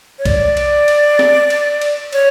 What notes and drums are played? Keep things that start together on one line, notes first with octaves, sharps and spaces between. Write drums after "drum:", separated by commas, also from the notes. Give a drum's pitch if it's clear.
C#5
D5, drum: kick, cymbal
drum: cymbal
drum: cymbal
drum: snare
drum: cymbal
drum: cymbal
C#5, drum: cymbal